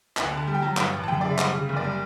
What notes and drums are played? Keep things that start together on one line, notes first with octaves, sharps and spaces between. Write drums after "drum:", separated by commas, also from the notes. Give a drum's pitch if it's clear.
D2 A5, drum: clap
D3
A5
G3
G5
F#3 A5
G2, drum: clap
A1
A5
F#2 G5
C#3 D5
E5
G3, drum: clap
C#3
F#1
D5
G3